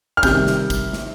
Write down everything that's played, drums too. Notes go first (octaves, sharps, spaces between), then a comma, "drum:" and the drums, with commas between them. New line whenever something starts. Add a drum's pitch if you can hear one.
F6
C3 D#3 G3 G6, drum: kick, tambourine
drum: snare
drum: kick, tambourine
drum: snare